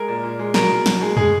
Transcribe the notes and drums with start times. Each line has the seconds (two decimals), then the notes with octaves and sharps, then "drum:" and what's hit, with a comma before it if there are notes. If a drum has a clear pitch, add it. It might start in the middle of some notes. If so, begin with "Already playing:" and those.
Already playing: G#3 A#4
0.08 A#2
0.24 A#2
0.39 G#3
0.54 B2 A#4, drum: snare
0.71 B2
0.86 B2, drum: snare
1.01 G#3
1.17 G#3 G#4, drum: tom